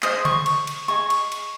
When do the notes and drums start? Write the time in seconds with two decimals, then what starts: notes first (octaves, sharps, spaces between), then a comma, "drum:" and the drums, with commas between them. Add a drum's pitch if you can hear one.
0.03 G#4 C5 D#5 D#6, drum: clap
0.25 C#6, drum: tom C#3
0.46 drum: cymbal
0.67 drum: cymbal
0.88 G#4 D#5 C#6
1.10 drum: cymbal
1.32 drum: cymbal